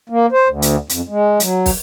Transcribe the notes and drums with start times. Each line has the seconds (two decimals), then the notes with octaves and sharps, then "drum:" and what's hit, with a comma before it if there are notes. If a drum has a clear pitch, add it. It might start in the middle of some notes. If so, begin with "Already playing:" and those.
0.10 A#3
0.32 C5
0.48 D2
0.62 drum: hi-hat
0.89 F2, drum: hi-hat
1.09 G#3
1.40 F#3, drum: hi-hat
1.66 drum: kick, open hi-hat